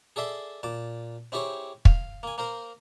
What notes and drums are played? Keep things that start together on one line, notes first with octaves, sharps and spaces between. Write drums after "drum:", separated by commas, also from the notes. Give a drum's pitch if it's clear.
G#4 A4 D5 E5 C6
A#2 A5 D6
C4 E4 G4 G#4 C#5
F5, drum: kick
A#3 G#5
A#3 A#4 C5